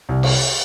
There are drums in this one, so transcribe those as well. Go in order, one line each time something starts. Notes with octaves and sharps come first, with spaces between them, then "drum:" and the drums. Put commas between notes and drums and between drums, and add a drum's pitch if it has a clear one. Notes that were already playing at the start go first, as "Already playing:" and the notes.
C2
drum: cymbal